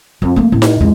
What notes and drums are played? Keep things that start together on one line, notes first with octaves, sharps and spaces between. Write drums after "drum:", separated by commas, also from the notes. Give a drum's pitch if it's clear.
F2
A3 A#3
A2
drum: snare D#4
E2 G#3